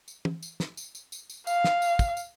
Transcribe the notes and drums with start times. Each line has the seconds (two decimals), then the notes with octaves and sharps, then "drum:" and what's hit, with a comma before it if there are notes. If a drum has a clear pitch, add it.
0.08 drum: tambourine
0.25 drum: tom
0.42 drum: tambourine
0.60 drum: snare
0.77 drum: tambourine
0.95 drum: tambourine
1.12 drum: tambourine
1.30 drum: tambourine
1.47 F5, drum: tambourine
1.64 drum: snare
1.82 drum: tambourine
1.99 drum: kick, tambourine
2.17 drum: tambourine